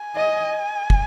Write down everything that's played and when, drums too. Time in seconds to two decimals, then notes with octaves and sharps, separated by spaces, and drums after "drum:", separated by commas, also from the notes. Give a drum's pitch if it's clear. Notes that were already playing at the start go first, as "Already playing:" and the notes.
Already playing: G#5
0.16 D#5
0.90 drum: kick